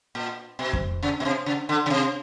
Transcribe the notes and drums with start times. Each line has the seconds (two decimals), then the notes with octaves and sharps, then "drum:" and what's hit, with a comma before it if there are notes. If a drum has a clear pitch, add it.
0.15 A#2
0.59 B2
0.73 drum: kick F2
1.03 C#3
1.20 B2
1.25 C3
1.46 C#3
1.69 D3
1.86 C#3
1.90 C3